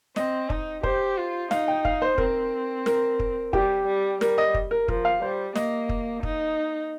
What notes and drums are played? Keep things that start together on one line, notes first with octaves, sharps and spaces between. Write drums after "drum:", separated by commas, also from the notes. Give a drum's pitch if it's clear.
C4 D#5, drum: snare
D#4, drum: kick
G4 C5, drum: kick
F4
D#4 F5, drum: snare
G5
F5, drum: kick
C5
C4 A#4, drum: kick
A#4, drum: snare
drum: kick
G3 G4, drum: kick
G3
G3 A#4, drum: snare
D#5
drum: kick
A#4
F3 A#4, drum: kick
F5
G3 C5
A#3 D#5, drum: snare
drum: kick
D#4, drum: kick